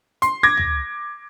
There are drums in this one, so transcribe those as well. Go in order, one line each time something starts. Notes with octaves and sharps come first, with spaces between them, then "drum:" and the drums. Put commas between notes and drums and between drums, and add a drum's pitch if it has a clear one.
C6, drum: hi-hat
D6 G#6 A#6
drum: tom